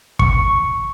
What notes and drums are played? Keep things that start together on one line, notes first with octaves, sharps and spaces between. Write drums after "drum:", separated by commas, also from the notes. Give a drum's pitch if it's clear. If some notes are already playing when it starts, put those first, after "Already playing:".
C#6, drum: kick